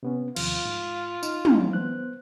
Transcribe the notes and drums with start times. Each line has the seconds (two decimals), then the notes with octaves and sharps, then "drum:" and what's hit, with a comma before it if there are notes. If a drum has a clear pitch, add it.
0.03 C3 B3 C#4
0.36 D#2 C3 F3 F4, drum: cymbal
0.65 G#2
1.23 D#4, drum: tambourine
1.45 drum: tom
1.73 B3 C5 F#6